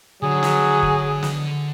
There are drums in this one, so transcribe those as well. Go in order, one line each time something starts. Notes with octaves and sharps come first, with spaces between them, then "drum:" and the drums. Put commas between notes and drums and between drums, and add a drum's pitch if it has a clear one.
D3 F#3 G#4
drum: snare
drum: kick
drum: snare